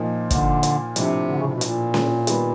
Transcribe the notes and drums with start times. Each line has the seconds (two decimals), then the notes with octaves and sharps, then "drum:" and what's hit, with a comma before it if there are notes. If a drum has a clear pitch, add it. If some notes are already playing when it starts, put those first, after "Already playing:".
Already playing: A#2 F3 A#3 D#4
0.30 D3, drum: kick, hi-hat
0.63 drum: hi-hat
0.96 A2 C3 F3 A3 D4, drum: hi-hat
1.28 D3
1.37 C#3
1.45 C3
1.53 B2
1.61 A#2, drum: hi-hat
1.94 drum: snare C#4
2.27 D#3 G3 B3, drum: hi-hat